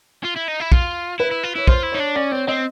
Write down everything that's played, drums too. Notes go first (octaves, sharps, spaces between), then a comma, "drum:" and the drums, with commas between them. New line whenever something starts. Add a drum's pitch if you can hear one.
F4
E4
D#4
E4
F4, drum: kick
E4 B4
E4
F4
E4 C#5
F4 C5, drum: kick
E4
D#4 C#5
D4
C#4 D5
C4 C#5
C4 D#5